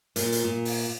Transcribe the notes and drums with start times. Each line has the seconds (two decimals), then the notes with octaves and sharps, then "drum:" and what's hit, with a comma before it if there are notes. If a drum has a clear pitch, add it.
0.16 A#2, drum: hi-hat
0.32 drum: hi-hat
0.44 A#2
0.65 drum: open hi-hat